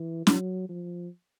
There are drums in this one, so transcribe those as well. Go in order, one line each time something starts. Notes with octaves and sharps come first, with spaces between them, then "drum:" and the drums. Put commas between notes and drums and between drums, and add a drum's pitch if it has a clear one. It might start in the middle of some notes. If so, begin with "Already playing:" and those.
Already playing: E3
F#3, drum: snare
F3